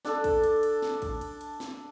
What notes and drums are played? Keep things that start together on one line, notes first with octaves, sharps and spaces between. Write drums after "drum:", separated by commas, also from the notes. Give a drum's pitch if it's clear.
D4 A4, drum: snare
drum: kick, cymbal
drum: cymbal
drum: cymbal
drum: snare
drum: kick, cymbal
drum: cymbal
drum: cymbal
drum: snare